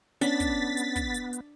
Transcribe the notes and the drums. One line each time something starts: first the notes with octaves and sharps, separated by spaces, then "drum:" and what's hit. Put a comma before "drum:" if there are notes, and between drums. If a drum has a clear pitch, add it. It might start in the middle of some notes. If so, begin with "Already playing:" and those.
B3 C#4 D4 A6 B6, drum: hi-hat
drum: kick, hi-hat
drum: hi-hat
drum: kick, hi-hat
drum: hi-hat
drum: hi-hat